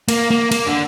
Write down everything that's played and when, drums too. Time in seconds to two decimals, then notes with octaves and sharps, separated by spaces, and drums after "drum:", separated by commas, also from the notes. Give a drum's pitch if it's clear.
0.09 A#3, drum: cymbal
0.31 A#3
0.52 A#3, drum: cymbal
0.67 D3